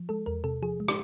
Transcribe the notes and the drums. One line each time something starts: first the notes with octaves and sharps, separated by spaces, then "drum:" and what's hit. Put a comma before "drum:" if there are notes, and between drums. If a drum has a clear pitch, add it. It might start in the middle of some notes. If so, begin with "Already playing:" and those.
Already playing: F3
G#3 A4
E2 A#4
C3 A4
F3 G#4
G#3
G4, drum: rim click